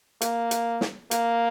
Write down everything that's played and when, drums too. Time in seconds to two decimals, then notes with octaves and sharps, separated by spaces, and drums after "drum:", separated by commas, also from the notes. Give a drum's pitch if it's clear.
0.21 A#3, drum: hi-hat
0.51 drum: hi-hat
0.81 drum: snare
1.11 A#3, drum: hi-hat